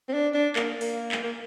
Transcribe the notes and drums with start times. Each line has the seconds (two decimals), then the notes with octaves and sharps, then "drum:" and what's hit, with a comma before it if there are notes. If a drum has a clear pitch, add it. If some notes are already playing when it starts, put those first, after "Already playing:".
0.09 C4
0.14 D4
0.34 D4
0.56 A#3, drum: clap
0.81 A#3, drum: open hi-hat
1.12 drum: clap
1.23 A#3